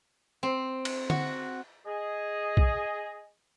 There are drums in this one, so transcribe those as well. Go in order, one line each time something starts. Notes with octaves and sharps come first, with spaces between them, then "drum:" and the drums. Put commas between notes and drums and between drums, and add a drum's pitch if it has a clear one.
C4
drum: cymbal
F#4, drum: tom D3
G#4 D#5
drum: kick